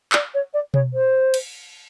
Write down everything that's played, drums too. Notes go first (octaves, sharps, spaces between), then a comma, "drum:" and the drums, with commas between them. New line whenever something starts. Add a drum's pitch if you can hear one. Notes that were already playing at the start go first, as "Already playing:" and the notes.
D5, drum: clap
C#5
D5
C#5, drum: tom B2
C5
drum: cymbal